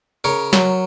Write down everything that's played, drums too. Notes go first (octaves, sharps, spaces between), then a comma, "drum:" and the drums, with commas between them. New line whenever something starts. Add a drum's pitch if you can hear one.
C#3 A#4 C#5
F#3, drum: snare